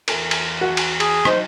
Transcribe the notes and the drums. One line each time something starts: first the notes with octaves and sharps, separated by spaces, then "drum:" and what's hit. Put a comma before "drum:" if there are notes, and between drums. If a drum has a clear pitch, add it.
E2 A4 A#4, drum: cymbal
drum: cymbal
F#4
drum: cymbal
G#4, drum: cymbal
F#3 D#4 C5, drum: rim click